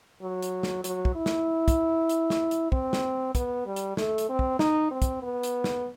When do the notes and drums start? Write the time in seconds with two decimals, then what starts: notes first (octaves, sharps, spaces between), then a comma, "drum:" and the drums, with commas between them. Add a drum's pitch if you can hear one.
0.22 F#3
0.42 drum: hi-hat
0.63 drum: snare
0.84 F#3, drum: hi-hat
1.05 drum: kick
1.15 E4
1.26 drum: snare
1.68 drum: kick, hi-hat
2.09 drum: hi-hat
2.30 drum: snare
2.51 drum: hi-hat
2.72 C4, drum: kick
2.93 drum: snare
3.35 B3, drum: kick, hi-hat
3.66 G3
3.76 drum: hi-hat
3.97 A3, drum: snare
4.18 drum: hi-hat
4.29 C4
4.39 drum: kick
4.59 D#4, drum: snare
4.91 C4
5.02 drum: kick, hi-hat
5.22 B3
5.43 drum: hi-hat
5.64 drum: snare